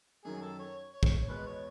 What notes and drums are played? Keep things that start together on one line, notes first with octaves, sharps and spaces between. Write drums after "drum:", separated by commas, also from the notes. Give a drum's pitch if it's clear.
F#2 D#3 F#3 G#4
A4
C#5
C#5
drum: kick
C#5
E2 B2 G#3 B3 B4
C#5